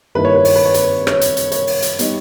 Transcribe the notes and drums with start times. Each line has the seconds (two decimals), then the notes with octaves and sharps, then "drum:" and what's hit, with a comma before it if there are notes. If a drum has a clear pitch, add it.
0.15 G2 D#3 A#3 E4 B4
0.25 C#5
0.35 B4
0.45 C#5, drum: open hi-hat
0.55 B4
0.65 C#5
0.74 B4, drum: hi-hat
1.07 C#5, drum: rim click
1.21 drum: hi-hat
1.37 drum: hi-hat
1.52 C#5, drum: hi-hat
1.67 drum: open hi-hat
1.82 drum: hi-hat
1.99 G3 B3 D#4, drum: hi-hat